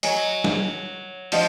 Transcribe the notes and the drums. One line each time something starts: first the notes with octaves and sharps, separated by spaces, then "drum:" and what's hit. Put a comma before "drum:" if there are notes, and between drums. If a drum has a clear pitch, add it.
F#3 A#4 D#5 G#5, drum: hi-hat
drum: snare
F3 D4 F#4 D#5, drum: open hi-hat